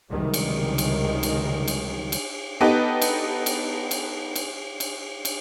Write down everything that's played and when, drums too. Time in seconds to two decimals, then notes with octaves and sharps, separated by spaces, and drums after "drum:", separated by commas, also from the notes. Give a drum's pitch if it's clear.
0.11 C#2 C3 D#3 F#3 G3
0.34 drum: cymbal
0.78 drum: cymbal
1.23 drum: cymbal
1.68 drum: cymbal
2.12 drum: cymbal
2.60 B3 D#4 G4 A4 B4 D#5
3.02 drum: cymbal
3.46 drum: cymbal
3.91 drum: cymbal
4.36 drum: cymbal
4.80 drum: cymbal
5.25 drum: cymbal